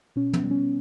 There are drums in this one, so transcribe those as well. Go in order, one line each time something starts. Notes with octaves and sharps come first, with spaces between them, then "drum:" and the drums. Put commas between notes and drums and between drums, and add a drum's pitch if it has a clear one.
B2 C#4
B3, drum: tom
G3
C#4